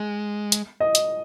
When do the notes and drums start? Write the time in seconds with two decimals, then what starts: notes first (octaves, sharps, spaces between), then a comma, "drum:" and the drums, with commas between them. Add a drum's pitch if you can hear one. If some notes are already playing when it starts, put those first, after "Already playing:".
Already playing: G#3
0.52 drum: hi-hat
0.80 D#5
0.95 drum: hi-hat